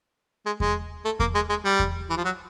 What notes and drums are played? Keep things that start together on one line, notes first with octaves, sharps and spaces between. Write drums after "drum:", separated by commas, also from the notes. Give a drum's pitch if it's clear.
G#3
G#3, drum: kick E2
A3
A#3, drum: kick E2
G#3
G#3
G3
drum: kick E2
E3
F3
F#3